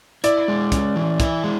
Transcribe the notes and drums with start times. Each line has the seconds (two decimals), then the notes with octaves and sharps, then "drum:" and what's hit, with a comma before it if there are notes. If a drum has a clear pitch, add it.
0.24 E4 D5, drum: hi-hat
0.48 G#3
0.72 C#4, drum: kick, hi-hat
0.96 E3
1.20 E4, drum: kick, hi-hat
1.44 G#3